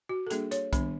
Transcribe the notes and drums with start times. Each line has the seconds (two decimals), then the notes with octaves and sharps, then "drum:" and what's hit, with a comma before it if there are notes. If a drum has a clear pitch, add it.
0.09 F#4
0.27 A4
0.30 G3 A#3 D4 G#4, drum: hi-hat
0.51 C#5, drum: hi-hat
0.73 D#3 G3 B3 D4, drum: kick B1, hi-hat